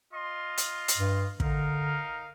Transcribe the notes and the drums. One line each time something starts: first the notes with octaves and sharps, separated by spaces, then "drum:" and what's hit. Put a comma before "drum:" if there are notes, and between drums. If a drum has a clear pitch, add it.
F4 D#5 C6
drum: hi-hat
drum: hi-hat
G2
D3 D#4 A#4 F5, drum: kick